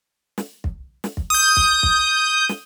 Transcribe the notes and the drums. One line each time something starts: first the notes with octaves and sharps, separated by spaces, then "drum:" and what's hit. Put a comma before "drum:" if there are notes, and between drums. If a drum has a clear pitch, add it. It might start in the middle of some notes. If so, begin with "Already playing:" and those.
drum: snare
drum: kick
drum: snare
drum: kick
D#6 G6
drum: kick
drum: kick
drum: snare